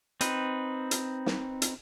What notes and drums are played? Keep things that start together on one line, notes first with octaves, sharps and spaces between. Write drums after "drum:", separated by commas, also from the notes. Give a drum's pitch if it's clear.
C4 D#4 B4, drum: hi-hat
drum: hi-hat
drum: snare
drum: hi-hat